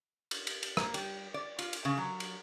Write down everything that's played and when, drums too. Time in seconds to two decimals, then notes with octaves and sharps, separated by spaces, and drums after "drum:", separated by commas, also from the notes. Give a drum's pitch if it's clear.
0.31 drum: cymbal
0.47 drum: cymbal
0.63 drum: cymbal
0.77 A#3, drum: rim click
0.94 G3, drum: cymbal
1.34 D5
1.59 F4, drum: cymbal
1.73 drum: cymbal
1.85 C#3
1.97 F#3
2.20 drum: cymbal